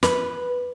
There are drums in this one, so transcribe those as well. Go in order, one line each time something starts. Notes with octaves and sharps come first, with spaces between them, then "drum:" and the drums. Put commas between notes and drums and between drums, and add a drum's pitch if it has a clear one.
B4, drum: snare